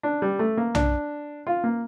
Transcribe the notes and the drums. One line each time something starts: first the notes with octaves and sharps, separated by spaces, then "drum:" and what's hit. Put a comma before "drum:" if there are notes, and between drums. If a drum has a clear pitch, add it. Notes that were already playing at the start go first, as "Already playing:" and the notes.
D4
G3
A3
A#3
D4, drum: tom B1
F4
A#3